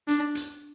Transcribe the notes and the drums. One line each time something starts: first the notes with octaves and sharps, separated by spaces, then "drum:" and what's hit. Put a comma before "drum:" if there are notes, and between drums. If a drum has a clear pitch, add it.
D4, drum: hi-hat
drum: hi-hat